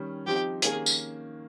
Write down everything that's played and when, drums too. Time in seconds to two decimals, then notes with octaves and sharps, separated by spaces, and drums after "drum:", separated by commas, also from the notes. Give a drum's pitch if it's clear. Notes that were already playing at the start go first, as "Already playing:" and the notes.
Already playing: D#3 G3 C#4
0.27 F3 C4 D#4 G4
0.62 D#3 A#3 C#4 G#4, drum: hi-hat
0.86 drum: tambourine